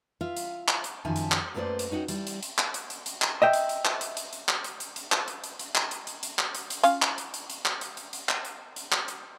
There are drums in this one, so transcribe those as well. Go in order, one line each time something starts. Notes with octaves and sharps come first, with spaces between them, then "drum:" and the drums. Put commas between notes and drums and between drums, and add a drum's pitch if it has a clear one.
F4 E5 F5
drum: hi-hat
drum: clap
drum: hi-hat
F#2 D#3 F3 E5 G#5 A5
drum: hi-hat
drum: clap
F#2 A3 A#3 B4 C5 D5
drum: hi-hat
C#4 D#4 F#4 F#5 G5
G3 E4, drum: hi-hat
drum: hi-hat
drum: hi-hat
drum: clap
drum: hi-hat
drum: hi-hat
drum: hi-hat
drum: clap
D#5 E5 G5
drum: hi-hat
drum: hi-hat
drum: clap
drum: hi-hat
drum: hi-hat
drum: hi-hat
drum: clap
drum: hi-hat
drum: hi-hat
drum: hi-hat
drum: clap
drum: hi-hat
drum: hi-hat
drum: hi-hat
drum: clap
drum: hi-hat
drum: hi-hat
drum: hi-hat
drum: clap
drum: hi-hat
drum: hi-hat
C#4 F4 F5, drum: hi-hat
drum: clap
drum: hi-hat
drum: hi-hat
drum: hi-hat
drum: clap
drum: hi-hat
drum: hi-hat
drum: hi-hat
drum: clap
drum: hi-hat
drum: hi-hat
drum: clap
drum: hi-hat